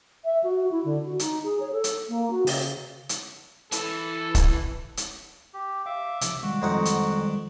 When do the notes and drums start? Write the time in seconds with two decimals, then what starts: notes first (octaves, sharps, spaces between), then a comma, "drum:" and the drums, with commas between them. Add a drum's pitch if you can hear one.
0.25 E5
0.44 F#4
0.71 E4
0.85 D3
1.06 F#4
1.19 D#4, drum: hi-hat
1.44 G#4
1.60 C#5
1.72 A4
1.84 drum: hi-hat
2.09 A#3
2.31 F#4
2.47 C#3, drum: open hi-hat
3.09 drum: hi-hat
3.72 E3 A4, drum: hi-hat
4.35 drum: kick, hi-hat
4.97 drum: hi-hat
5.54 G4
5.86 E5 F5 D6
6.21 C3 F3, drum: hi-hat
6.43 D#3 G3 G#3 F#4
6.62 F2 D#4 F#5
6.85 drum: hi-hat